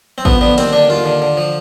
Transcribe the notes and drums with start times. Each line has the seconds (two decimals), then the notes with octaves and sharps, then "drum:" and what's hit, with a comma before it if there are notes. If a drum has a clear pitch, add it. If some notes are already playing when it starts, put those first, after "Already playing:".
0.18 C4
0.25 F3 B3, drum: kick A1
0.41 D3 B3
0.58 D#2 C4, drum: cymbal
0.73 D3 D4
0.89 D#2 F4
1.06 D3
1.22 D3
1.37 F3